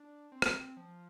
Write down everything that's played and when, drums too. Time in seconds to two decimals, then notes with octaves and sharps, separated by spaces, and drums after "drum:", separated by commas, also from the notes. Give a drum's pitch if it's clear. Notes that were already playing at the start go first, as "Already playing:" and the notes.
Already playing: D4
0.32 C4
0.42 drum: rim click
0.77 F3